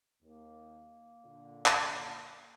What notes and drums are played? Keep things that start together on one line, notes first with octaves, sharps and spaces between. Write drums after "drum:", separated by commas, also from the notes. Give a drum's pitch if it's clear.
D#2 A#3
A#2 D3
drum: clap